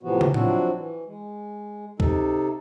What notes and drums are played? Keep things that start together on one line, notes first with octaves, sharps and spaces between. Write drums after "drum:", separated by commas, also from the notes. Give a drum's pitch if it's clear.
A2 C3 E3 F3 B3 F#4
drum: tom
F3 F#3 C4 D4 E4 F#4, drum: tom A2
E3
G#3
C3 D#4 A4, drum: kick C#2